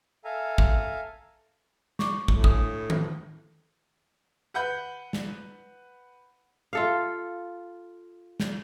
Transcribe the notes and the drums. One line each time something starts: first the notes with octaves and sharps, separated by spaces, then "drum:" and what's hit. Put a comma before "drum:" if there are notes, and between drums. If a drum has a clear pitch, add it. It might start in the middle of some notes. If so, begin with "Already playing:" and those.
A4 E5 F5 G#5 A#5
drum: kick
C#6 D6, drum: snare
A2, drum: kick
D4 A4 D#6, drum: kick
drum: tom D#3
B4 F#5 B5 G6
drum: snare
F4 A4 F5
drum: snare